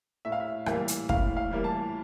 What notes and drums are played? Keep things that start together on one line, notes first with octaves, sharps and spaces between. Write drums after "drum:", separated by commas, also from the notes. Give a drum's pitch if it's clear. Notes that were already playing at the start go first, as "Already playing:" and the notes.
A2 E5
F5
E5
E3 G3 A#3, drum: rim click
drum: hi-hat
A2 F5, drum: kick
F5
E3 G3 A#3
A5